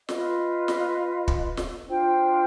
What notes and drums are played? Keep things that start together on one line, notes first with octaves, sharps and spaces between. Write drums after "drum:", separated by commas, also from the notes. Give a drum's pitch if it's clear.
F4 B4 D#5, drum: snare
drum: snare
drum: kick
drum: snare
D4 F4 C5 G5